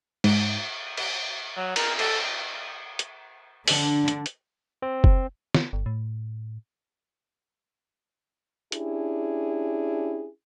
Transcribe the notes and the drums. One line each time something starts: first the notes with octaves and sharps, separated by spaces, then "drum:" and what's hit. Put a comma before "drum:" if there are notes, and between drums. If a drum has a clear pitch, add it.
G#2, drum: cymbal
drum: cymbal
F#3
A#4, drum: cymbal
A4, drum: cymbal
drum: hi-hat
D3 D4, drum: open hi-hat
drum: hi-hat
drum: hi-hat
C4
drum: kick F#1
drum: snare
G1
A2
C#4 D4 E4 G4 G#4, drum: hi-hat